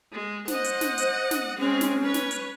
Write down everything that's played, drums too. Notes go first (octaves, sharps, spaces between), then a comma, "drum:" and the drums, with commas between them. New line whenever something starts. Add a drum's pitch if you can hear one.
G#3
C5 D#5 F#5, drum: snare
drum: hi-hat
drum: snare
drum: hi-hat
drum: snare
G#3 C4 C#4
drum: snare
B4 C#5
drum: snare
drum: hi-hat